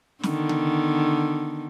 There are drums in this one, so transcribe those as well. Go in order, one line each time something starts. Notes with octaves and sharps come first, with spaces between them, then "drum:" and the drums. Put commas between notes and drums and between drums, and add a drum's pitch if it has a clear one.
D3 D#3 B3, drum: snare
drum: tom C#3